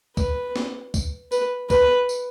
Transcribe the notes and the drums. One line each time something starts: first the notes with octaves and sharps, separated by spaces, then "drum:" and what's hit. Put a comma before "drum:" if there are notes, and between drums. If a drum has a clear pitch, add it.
B4, drum: kick C#2, tambourine
drum: snare
drum: kick C#2, tambourine
B4, drum: tambourine
B4, drum: kick C#2, tambourine
drum: tambourine